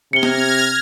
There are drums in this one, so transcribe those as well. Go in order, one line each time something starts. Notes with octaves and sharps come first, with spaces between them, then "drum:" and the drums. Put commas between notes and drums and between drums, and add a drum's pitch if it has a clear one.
C3 F6 G#6 A#6 C#7 G7
drum: snare